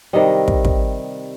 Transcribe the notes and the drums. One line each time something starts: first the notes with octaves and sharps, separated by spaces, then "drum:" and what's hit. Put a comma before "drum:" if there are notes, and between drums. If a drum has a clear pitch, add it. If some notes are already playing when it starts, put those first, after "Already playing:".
C3 D#3 G3 D#5
drum: kick
drum: kick